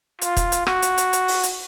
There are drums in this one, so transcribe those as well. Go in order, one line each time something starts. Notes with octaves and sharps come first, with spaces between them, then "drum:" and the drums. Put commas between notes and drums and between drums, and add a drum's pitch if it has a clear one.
F4, drum: hi-hat
drum: kick, hi-hat
drum: hi-hat
F#4, drum: rim click
drum: hi-hat
drum: hi-hat
drum: hi-hat
drum: open hi-hat
drum: hi-hat